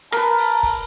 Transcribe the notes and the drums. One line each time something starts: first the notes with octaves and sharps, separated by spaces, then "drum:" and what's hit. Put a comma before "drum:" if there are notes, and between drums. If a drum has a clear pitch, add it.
A#4 B4 A5 A#5, drum: rim click
drum: open hi-hat
drum: kick, open hi-hat